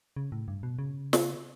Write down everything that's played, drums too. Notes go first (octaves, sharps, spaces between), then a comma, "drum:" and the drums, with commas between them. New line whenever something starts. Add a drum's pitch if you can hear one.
C#3
A2
G2
B2
C#3
drum: snare